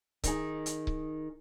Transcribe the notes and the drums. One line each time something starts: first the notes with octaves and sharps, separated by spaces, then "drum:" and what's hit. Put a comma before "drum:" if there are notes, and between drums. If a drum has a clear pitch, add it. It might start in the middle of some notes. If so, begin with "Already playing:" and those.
D#3 D#4 G#4, drum: kick C#1, hi-hat
drum: hi-hat
drum: kick C#1